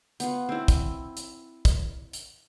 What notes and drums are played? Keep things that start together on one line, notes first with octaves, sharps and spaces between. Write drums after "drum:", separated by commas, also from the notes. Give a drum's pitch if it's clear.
B3 F4, drum: hi-hat
C4 E4
drum: kick, hi-hat
drum: hi-hat
drum: kick, hi-hat
drum: hi-hat